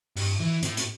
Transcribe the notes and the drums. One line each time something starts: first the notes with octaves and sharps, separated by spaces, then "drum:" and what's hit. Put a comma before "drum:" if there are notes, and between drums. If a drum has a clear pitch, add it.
G2, drum: open hi-hat
E3
A2, drum: hi-hat
drum: hi-hat